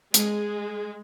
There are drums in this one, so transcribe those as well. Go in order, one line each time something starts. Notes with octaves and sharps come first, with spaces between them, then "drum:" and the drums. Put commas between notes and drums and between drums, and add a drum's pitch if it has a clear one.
G#3, drum: hi-hat